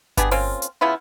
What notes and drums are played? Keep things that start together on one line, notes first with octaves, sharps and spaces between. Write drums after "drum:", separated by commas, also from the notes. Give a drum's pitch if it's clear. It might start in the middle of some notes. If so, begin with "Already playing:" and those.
B3 D4 G4 G#4, drum: kick G1, hi-hat
A#3 C4 C#4 F4, drum: open hi-hat
drum: hi-hat
C#3 B3 E4 F4